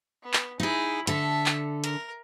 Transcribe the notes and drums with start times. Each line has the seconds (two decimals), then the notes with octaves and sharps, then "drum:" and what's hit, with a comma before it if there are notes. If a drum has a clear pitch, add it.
0.23 B3
0.34 drum: clap
0.60 D#4 E4 G#4
1.07 D3 A4 E5 A5, drum: hi-hat
1.46 drum: clap
1.84 A#4, drum: hi-hat